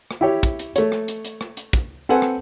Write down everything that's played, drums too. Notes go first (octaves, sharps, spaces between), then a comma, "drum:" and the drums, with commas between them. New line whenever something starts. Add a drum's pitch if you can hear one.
drum: rim click
E4 G4 C#5
drum: kick, hi-hat
drum: hi-hat
A3 C#5, drum: hi-hat
drum: rim click
drum: hi-hat
drum: hi-hat
drum: rim click
drum: hi-hat
drum: kick, hi-hat
C4 A4 B4 F#5 G#5
drum: rim click